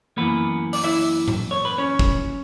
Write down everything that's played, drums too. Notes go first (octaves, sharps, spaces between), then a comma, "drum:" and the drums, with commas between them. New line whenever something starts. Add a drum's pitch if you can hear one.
F#2 E3 A#3 B3 B4
D5, drum: open hi-hat
E4 E5
drum: tom A2
C#5
B4
C#4 C#5
drum: kick